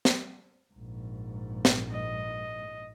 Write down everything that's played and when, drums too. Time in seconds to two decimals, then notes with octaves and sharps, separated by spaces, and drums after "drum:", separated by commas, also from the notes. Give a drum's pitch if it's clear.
0.05 drum: snare
0.74 A#1 G#2
1.65 drum: snare
1.92 D#5